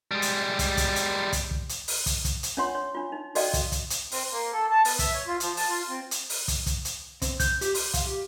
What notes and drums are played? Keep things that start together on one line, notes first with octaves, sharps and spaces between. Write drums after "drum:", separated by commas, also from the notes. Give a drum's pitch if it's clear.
G3 G#3
drum: hi-hat
drum: kick, hi-hat
drum: kick, hi-hat
drum: hi-hat
drum: kick, hi-hat
drum: kick
drum: hi-hat
drum: open hi-hat
drum: kick, hi-hat
drum: kick, hi-hat
drum: hi-hat
C#4 D4 F4 C#5 F#5 C6
C#5
D4 F4
D#4
F#4 A4 D5 D#5 F5 G5, drum: open hi-hat
drum: kick, hi-hat
drum: kick, hi-hat
drum: hi-hat
C4, drum: open hi-hat
A#3
A4
A5
B3, drum: open hi-hat
E5, drum: kick, hi-hat
C#5
F4
F3, drum: hi-hat
A5, drum: open hi-hat
F4
C4
drum: hi-hat
drum: open hi-hat
drum: kick, hi-hat
drum: kick, hi-hat
drum: hi-hat
C4, drum: kick, hi-hat
G6, drum: kick, hi-hat
G4, drum: hi-hat
C6, drum: open hi-hat
F5, drum: kick, hi-hat
G4